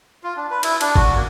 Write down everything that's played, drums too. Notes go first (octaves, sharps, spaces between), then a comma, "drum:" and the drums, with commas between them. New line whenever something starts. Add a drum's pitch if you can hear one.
F4
D4
B4
E4, drum: cymbal
D4, drum: cymbal
F#4, drum: kick
A#3